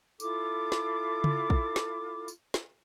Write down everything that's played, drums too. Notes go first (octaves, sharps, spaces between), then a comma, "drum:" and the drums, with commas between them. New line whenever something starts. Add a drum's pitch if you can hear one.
E4 F4 A4 D6, drum: tambourine
drum: snare
drum: tom C#3
drum: kick A#1
drum: snare
drum: tambourine
drum: snare